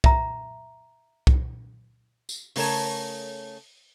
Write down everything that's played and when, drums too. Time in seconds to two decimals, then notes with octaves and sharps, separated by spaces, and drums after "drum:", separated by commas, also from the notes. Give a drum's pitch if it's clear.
0.04 E5 A#5, drum: kick C2
1.27 drum: kick C2
2.29 drum: tambourine
2.56 C#3 A3 A#4 C#5 A5, drum: open hi-hat